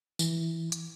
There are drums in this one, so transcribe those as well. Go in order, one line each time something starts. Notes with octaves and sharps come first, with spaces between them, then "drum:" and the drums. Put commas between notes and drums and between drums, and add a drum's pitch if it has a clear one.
E3, drum: tambourine
drum: hi-hat